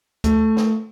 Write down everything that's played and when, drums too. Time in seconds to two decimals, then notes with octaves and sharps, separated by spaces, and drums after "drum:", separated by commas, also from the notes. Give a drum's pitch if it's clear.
0.24 A3, drum: kick, hi-hat
0.57 drum: snare